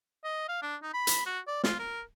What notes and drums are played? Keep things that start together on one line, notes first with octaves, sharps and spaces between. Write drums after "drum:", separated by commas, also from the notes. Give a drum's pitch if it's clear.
D#5
F5
D4
D#4
B5
drum: hi-hat
F#4
D5
F4, drum: snare
A#4